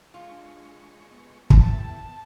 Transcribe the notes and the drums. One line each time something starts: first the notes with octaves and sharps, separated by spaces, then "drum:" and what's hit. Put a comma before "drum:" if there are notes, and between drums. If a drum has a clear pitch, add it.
G#3 F4 C#6
D4
B3
E4 G4 A4 A5, drum: kick